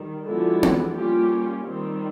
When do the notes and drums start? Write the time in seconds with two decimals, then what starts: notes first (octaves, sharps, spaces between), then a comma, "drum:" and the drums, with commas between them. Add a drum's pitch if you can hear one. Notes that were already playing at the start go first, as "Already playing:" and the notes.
Already playing: D#3 G3
0.28 D3 F3 G#3 B3 D4 E4 F#4
0.63 drum: tom B3
0.97 G3 A#3 C#4 F4 G4
1.66 D#3 G3 C4